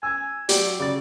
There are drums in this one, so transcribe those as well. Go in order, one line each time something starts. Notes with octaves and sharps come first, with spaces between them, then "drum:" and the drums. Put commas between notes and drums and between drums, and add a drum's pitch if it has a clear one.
G#5 E6 G#6
F#3 G4 D5, drum: hi-hat
C#3 D5 A6